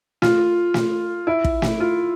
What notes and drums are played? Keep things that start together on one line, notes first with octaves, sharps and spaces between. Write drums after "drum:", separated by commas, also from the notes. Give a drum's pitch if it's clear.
F4, drum: snare
drum: snare
E4
drum: kick
drum: snare
F4